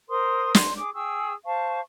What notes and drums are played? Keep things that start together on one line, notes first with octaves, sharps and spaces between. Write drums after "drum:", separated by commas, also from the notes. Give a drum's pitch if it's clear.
A#4 C5 C6 D#6
C6, drum: snare
G#4 D6
G#4 G5 C#6 E6
C5 F5 A5 C#6